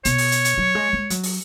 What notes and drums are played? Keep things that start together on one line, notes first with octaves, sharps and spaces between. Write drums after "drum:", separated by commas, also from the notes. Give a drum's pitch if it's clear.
B2 C#5, drum: hi-hat
drum: open hi-hat
drum: hi-hat
drum: hi-hat
F#3
G#3
G#3
F#3, drum: hi-hat
drum: open hi-hat